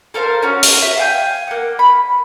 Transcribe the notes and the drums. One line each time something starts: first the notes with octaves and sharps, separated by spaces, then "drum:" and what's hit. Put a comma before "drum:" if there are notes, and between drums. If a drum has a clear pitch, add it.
A4 A#4 C5 F5
C#4 F#4
drum: open hi-hat
E5
F5 G5 G#5 G6
A#3 F#5
B5